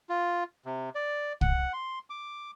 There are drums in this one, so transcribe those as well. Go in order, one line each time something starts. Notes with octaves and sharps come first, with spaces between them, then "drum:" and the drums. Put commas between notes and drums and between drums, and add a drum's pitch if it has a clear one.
F4
C3
D5
F#5, drum: kick
C6
D6